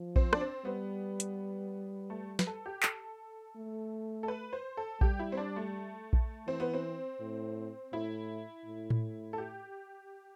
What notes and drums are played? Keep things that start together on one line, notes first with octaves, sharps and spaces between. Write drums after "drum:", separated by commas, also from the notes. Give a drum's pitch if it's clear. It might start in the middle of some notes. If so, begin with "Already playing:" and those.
Already playing: F3
C4, drum: kick A#1
D4, drum: rim click
C4
G3 B3
drum: hi-hat
A3
B4, drum: snare
A4
G4
A4, drum: clap
A3
A4
B4
C5
A4
G3 G4, drum: kick A#1
E4
C4
D4
A3
drum: kick A#1
E3 C4
B3
C4
A2
A2 E4
A2
drum: tom A2
A4
G4